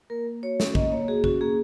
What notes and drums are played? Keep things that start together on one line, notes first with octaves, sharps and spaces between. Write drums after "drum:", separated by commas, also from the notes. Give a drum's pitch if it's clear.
A#3 A#4
A#3
F#4 C#5
C#4, drum: snare
A#3 D#5, drum: kick
A#3 C#5
F#4 G#4
C#4 F#4, drum: kick
A#3 G#4